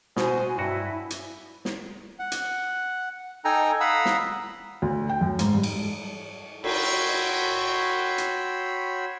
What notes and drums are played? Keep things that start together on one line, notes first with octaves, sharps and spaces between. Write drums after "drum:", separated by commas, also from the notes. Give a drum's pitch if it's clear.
B2 F#4 C5 G#5, drum: snare
G2 F#3 E4 F#4
drum: hi-hat
drum: snare
F#5
drum: hi-hat
D#4 A4 G5 G#5 A#5
F5 F#5 A#5 B5 D#6 E6
drum: snare
D2
G5
F#2
G#2, drum: hi-hat
G2
drum: cymbal
F#4 C#5 G5 B5 C6 E6, drum: cymbal
drum: hi-hat